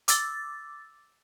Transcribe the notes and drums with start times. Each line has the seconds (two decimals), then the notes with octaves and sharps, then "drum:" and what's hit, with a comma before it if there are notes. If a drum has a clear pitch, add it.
0.08 D6 E6 A6, drum: hi-hat